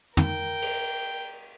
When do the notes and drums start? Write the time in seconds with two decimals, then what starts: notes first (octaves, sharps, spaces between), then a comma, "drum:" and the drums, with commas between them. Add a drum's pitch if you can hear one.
0.17 A#4 G5, drum: tom
0.62 drum: cymbal